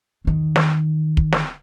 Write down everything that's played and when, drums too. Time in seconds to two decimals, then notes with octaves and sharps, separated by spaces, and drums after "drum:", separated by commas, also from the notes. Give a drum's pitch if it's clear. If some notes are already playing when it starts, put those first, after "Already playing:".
0.25 E2 D#3
0.56 drum: snare
1.17 drum: kick
1.32 drum: snare